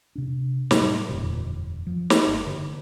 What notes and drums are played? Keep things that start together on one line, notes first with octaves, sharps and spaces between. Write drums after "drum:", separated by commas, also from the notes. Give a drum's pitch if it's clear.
C3 D4
A2 F#3 G3, drum: snare
E1 F#2 A#2 D3
F3
drum: snare
G1
D3